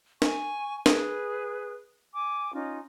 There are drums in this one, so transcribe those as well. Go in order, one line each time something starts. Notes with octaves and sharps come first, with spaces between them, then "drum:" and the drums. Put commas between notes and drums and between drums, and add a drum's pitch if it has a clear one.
G#5 C#6, drum: snare
G#4 B4, drum: snare
G#5 D6
C#4 D#4 F4